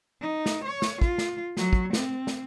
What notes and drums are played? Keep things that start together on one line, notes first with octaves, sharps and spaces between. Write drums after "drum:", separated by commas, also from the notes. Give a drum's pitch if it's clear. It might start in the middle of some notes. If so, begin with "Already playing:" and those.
D#4
drum: snare
C#5
drum: snare
F4, drum: kick
drum: snare
F#3, drum: snare
drum: kick
C4, drum: snare
drum: snare